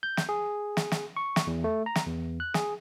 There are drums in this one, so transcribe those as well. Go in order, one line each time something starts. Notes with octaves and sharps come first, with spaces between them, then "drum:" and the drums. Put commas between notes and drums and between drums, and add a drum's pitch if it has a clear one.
G6
drum: snare
G#4
drum: snare
drum: snare
C#6
drum: snare
E2
A3
A#5
drum: snare
E2
F#6
G#4, drum: snare